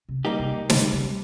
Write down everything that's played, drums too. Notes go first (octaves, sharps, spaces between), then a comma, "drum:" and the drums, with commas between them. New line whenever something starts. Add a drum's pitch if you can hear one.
C3
G3 A#3 D#4 G4
C3
C3 G3, drum: snare
C#3